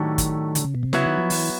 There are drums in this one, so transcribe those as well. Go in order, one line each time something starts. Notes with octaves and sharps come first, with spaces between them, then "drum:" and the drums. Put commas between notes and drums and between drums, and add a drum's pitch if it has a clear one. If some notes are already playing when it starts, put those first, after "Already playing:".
Already playing: A2 D#3 F#3 A3 D4 G4
drum: kick, hi-hat
D3, drum: hi-hat
C#3
B2
C3
C#3 F#3 B3 E4, drum: snare
D#3
F3
E3, drum: open hi-hat